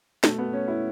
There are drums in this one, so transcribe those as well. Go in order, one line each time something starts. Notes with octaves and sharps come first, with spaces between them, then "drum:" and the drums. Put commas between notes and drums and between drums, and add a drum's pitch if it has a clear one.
B2 A3, drum: snare
B3
C#4
E4